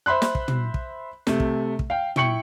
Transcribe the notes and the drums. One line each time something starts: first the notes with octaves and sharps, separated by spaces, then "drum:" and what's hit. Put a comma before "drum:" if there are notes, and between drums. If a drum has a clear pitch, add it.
C5 E5 B5 C6 F#6
drum: snare
drum: kick
drum: tom
drum: kick
C3 A3, drum: snare
drum: kick
drum: kick
F5 G5
E4 G5 C#6 C#7 F#7, drum: tom